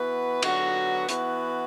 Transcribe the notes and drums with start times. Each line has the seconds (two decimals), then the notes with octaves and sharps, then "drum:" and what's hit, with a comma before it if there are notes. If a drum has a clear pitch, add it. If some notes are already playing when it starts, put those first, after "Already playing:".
Already playing: E3 B3 F#4 B4
0.42 D3 F#3 B3 F#4, drum: cymbal
1.09 E3 B3 F#4 B4, drum: hi-hat